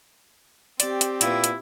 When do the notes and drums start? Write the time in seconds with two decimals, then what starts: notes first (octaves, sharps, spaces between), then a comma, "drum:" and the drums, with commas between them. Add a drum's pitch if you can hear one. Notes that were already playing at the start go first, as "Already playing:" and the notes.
0.80 C4 G4 D5, drum: hi-hat
1.01 drum: hi-hat
1.21 A#2 A#3 B3 E4, drum: hi-hat
1.44 drum: hi-hat